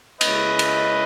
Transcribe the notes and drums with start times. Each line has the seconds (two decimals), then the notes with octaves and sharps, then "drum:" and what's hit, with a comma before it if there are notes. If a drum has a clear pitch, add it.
0.21 C#3 G#3 C#4 E4 B4 D#5, drum: cymbal
0.59 drum: cymbal